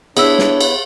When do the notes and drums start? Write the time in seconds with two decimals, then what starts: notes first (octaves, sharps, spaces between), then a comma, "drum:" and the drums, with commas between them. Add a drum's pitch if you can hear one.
0.17 B3 D4 E4 G#4 C#5 E6, drum: cymbal
0.39 drum: snare
0.61 drum: cymbal